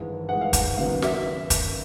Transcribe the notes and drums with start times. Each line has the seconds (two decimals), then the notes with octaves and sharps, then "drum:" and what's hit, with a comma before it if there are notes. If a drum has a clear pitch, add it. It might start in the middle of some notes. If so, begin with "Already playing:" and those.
Already playing: G#1 G2 E3 G#3
0.29 G#1 G2 E3 G#3 F#5
0.41 F5
0.53 F#5, drum: kick, hi-hat
0.77 D#2 C#3 F#3 B3 F5
1.02 E5, drum: snare
1.50 drum: kick, hi-hat